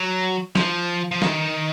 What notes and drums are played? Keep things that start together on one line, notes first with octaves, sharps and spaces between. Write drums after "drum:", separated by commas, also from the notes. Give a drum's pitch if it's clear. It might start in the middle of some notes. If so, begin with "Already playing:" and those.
Already playing: F#3
F3, drum: snare
F3
D#3, drum: snare